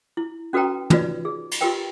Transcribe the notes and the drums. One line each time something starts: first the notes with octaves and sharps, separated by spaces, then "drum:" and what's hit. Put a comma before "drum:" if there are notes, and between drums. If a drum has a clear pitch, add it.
E4
C#4 F#4 A4 B4 G5 A#5
D#4 F4 F#4 B4 D5, drum: tom
G#4
drum: cymbal
F4 G4 A#4 B4 G5